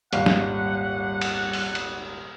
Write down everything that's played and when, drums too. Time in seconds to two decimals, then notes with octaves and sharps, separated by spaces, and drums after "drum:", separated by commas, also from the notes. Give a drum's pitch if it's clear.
0.13 D#1 G#1 G3 F5 F#5, drum: hi-hat
0.26 drum: snare
1.21 drum: cymbal
1.53 drum: open hi-hat
1.75 drum: cymbal